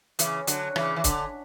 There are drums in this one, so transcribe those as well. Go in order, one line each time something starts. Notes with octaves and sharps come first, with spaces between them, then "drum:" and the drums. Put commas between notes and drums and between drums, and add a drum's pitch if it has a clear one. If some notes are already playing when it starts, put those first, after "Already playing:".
C#3 E3, drum: hi-hat
D3 F#3, drum: hi-hat
C#3 E3, drum: rim click
E3
D3, drum: kick, hi-hat